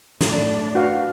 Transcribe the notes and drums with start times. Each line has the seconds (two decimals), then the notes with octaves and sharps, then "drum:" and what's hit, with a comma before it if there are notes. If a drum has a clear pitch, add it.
0.21 F#2 A2 D4, drum: snare
0.75 F#4 B4 F5